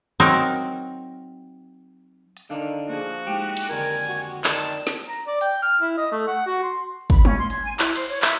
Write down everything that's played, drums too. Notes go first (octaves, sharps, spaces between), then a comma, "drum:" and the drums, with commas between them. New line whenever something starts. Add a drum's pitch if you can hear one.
F#3 C4 D#4 A#4
drum: hi-hat
D3 D#3 D4 D#4 F5
F3 A#3 F#4 G#4
G#3 D#4 E4 G4
drum: cymbal
F2 D3 D#3 A#4 G#5
F#4
D#3 A#4 D5 G5 A5, drum: clap
drum: snare
A#5
D5
G5, drum: hi-hat
F6
E4
D#5
A3
F#5
F#4
C6
B5, drum: kick
C#4, drum: tom
C6
G#6, drum: hi-hat
G#5
E4, drum: clap
C5, drum: cymbal
C#5
E4, drum: clap